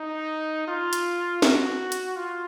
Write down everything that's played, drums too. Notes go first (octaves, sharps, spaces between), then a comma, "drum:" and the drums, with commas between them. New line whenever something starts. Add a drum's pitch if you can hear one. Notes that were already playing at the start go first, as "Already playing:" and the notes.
Already playing: D#4
F4
drum: hi-hat
F#4, drum: snare
drum: hi-hat
F4